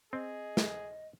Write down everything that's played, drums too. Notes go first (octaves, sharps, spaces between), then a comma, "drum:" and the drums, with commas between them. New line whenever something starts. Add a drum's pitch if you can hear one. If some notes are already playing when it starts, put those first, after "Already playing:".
C4 G#4 D#5
drum: snare